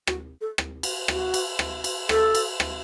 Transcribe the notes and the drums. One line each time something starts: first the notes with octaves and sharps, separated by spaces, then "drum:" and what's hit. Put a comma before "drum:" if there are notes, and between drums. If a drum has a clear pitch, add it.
F#4, drum: rim click
A4
drum: rim click
drum: cymbal
F#4, drum: rim click
drum: cymbal
drum: rim click
drum: cymbal
A4, drum: rim click
drum: cymbal
drum: rim click